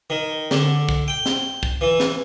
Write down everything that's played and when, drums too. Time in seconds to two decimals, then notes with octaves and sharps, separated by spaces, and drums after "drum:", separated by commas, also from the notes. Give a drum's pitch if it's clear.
0.10 D#3
0.51 D3, drum: snare
0.89 drum: kick
1.08 G5
1.26 drum: snare
1.63 drum: kick
1.81 E3
2.00 drum: snare